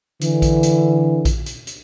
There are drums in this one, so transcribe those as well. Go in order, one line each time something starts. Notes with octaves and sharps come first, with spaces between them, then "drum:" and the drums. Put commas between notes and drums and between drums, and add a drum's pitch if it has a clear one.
D3 E3, drum: hi-hat
drum: kick A#1, hi-hat
drum: hi-hat
drum: kick A#1, hi-hat
drum: hi-hat
drum: hi-hat